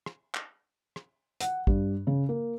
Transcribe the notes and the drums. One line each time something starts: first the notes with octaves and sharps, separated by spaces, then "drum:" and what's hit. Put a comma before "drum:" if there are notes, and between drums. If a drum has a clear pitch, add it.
drum: rim click
drum: clap
drum: rim click
F#5, drum: hi-hat
G2, drum: kick
C#3
A#3